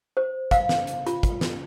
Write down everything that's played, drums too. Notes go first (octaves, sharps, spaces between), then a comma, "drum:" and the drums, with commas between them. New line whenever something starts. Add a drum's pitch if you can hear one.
C5
F5, drum: kick, hi-hat
drum: snare
drum: hi-hat
F4, drum: hi-hat
drum: kick, hi-hat
drum: snare